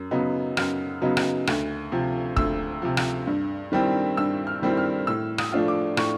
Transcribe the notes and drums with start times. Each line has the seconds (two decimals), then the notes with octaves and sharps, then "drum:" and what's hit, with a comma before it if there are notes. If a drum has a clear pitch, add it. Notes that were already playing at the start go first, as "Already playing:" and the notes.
Already playing: F#2
0.11 C#3 F#3 B3 D#4
0.57 F#2 F6, drum: rim click
1.02 C#3 F#3 B3 D#4
1.17 drum: rim click
1.47 D2, drum: rim click
1.92 C3 F3
2.36 D2 E6, drum: kick
2.82 C3 F3
2.97 drum: rim click
3.27 G2
3.72 D#3 G3 C4 E4
4.17 G2 E6
4.47 F6
4.62 D#3 G3 C4 E4
4.77 F6
5.07 A2 E6
5.38 D#6, drum: rim click
5.52 F3 A3 D4 F4
5.68 D6
5.97 A2 C#6, drum: rim click